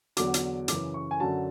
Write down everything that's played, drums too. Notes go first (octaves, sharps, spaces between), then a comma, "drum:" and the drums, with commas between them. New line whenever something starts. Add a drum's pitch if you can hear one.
E2 D3 F#3 D6, drum: hi-hat
drum: hi-hat
F#2 C#3 E3 D6, drum: hi-hat
C#6
G#5
F#2 D3 F#3 A5